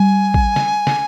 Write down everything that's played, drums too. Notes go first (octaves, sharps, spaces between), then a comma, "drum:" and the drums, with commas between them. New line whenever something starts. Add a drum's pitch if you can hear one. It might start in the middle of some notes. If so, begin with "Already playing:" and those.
Already playing: G3 G#5
drum: kick
drum: snare
drum: snare